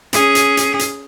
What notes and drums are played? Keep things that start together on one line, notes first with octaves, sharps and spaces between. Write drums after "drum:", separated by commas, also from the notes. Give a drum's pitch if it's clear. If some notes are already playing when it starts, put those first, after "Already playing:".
C#4 G#4, drum: hi-hat
drum: hi-hat
drum: hi-hat
drum: hi-hat